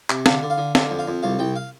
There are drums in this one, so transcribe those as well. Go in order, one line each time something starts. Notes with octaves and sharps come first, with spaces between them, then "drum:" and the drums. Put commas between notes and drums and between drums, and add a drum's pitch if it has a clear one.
C3, drum: clap
D3 F5, drum: snare
D3
F5
D3
D3 F5, drum: snare
F2
F5
F2
C2 F5
C2 G5
F5